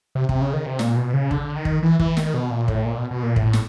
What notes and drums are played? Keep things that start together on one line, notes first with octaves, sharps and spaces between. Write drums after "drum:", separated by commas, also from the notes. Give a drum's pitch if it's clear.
C3
C3, drum: kick
C#3
D#3
C3
A#2, drum: snare
B2
C#3
D3, drum: kick
D#3
drum: kick
E3
E3, drum: kick
D#3, drum: snare
B2
A#2
A2, drum: kick
A#2
B2
B2
A#2
A2, drum: kick
drum: snare